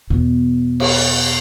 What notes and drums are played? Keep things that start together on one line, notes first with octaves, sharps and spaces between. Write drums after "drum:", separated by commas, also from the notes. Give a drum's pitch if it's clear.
E2 B2
drum: cymbal